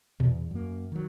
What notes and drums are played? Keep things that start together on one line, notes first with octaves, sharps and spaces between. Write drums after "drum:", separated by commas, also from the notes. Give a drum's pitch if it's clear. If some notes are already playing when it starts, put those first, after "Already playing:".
E2, drum: tom A#2
F#2 A#3
D#3 F#3